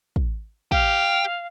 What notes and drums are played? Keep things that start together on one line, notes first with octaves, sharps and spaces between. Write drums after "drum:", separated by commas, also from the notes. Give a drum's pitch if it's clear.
drum: kick
G4 F5, drum: kick